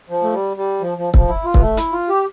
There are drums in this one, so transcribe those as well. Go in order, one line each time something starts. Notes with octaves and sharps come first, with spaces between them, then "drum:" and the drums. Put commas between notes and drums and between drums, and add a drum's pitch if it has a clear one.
F3
A3
G3
G3
F3
F3
F3, drum: kick
E4
F4
B3, drum: kick
A3
E4, drum: hi-hat
F4
G4